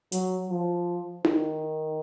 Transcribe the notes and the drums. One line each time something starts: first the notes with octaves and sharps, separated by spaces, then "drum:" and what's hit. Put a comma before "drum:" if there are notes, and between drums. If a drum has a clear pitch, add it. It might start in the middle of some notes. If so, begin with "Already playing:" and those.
F#3, drum: hi-hat
F3
D#3, drum: tom D#4